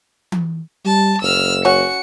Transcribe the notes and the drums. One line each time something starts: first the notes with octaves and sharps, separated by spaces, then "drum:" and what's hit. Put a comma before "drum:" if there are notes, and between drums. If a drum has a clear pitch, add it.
drum: tom E3
G3 A5
F#1 E6 F6
C#4 F#4 C#7